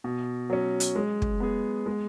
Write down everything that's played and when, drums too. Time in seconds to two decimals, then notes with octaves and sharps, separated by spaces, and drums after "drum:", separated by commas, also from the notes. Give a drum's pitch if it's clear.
0.04 B2
0.50 F#3 C#4
0.80 drum: hi-hat
0.96 G#3
1.22 drum: kick
1.40 B3 G#4
1.86 G#3